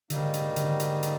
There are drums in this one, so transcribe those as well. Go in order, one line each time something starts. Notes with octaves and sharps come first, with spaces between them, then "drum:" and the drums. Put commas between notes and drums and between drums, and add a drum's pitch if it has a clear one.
G#2 D3 D#3 G3 A#3 D#4, drum: hi-hat
drum: hi-hat
D3, drum: hi-hat
drum: hi-hat
drum: hi-hat